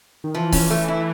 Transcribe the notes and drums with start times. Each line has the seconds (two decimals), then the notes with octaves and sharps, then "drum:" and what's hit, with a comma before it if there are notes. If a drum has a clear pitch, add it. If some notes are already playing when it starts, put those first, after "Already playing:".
0.24 D#3
0.34 E3 F3
0.52 C#4, drum: kick C#1, open hi-hat
0.70 A3
0.88 E4